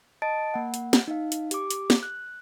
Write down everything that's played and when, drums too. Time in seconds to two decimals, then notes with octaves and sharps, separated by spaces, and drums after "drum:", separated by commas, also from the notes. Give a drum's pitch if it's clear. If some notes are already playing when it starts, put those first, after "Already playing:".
0.22 D#5 A5 A6 D7
0.54 A#3 F#5
0.74 drum: hi-hat
0.93 drum: snare
1.08 D#4 F5
1.32 drum: hi-hat
1.51 G4 D6, drum: hi-hat
1.70 drum: hi-hat
1.90 drum: snare
2.03 F#6